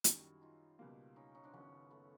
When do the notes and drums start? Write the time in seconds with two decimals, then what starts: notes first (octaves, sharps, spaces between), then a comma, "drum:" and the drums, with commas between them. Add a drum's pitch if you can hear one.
0.04 F#2 D#3 G3 E4 F#4, drum: hi-hat
0.41 D#4 F4
0.79 C#2 B2 G3 A#3
1.16 C#4 D#4
1.35 C#4 D#4
1.44 C4 D4
1.54 F#1 F#2 D#3 F#3 B3 C#4
1.91 A3 B3